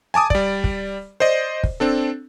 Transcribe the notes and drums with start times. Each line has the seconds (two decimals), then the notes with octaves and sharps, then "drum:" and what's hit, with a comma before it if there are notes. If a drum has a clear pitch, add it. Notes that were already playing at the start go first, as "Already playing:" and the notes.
0.14 G#5 A5 D6 D#6
0.30 G3 D5, drum: kick
0.64 drum: kick
1.20 C5 D5 D#5
1.63 drum: kick
1.80 C4 D4 A4